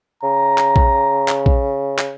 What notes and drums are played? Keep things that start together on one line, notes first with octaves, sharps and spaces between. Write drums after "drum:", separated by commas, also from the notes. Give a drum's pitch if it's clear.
C#3 A#5
drum: clap
drum: kick A#1
drum: clap
drum: kick A#1
drum: clap